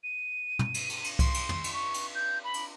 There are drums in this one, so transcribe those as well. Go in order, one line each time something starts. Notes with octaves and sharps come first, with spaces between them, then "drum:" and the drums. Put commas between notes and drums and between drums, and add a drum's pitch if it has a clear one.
D#7
drum: tom
drum: cymbal
drum: cymbal
drum: cymbal
C6, drum: kick C2, cymbal
drum: cymbal
drum: tom
drum: cymbal
C#6
drum: cymbal
G6
B5
drum: cymbal